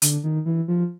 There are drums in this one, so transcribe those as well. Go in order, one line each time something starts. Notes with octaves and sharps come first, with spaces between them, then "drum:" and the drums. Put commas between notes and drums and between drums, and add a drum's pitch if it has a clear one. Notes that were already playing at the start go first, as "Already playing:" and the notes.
D3, drum: hi-hat
D#3
E3
F3